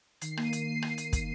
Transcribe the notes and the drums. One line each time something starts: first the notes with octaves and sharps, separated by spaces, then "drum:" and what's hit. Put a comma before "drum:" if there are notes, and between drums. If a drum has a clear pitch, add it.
D#3 C7, drum: hi-hat
A#3 D#7, drum: rim click
A#3 D#7, drum: hi-hat
C7
drum: rim click
drum: hi-hat
drum: kick, hi-hat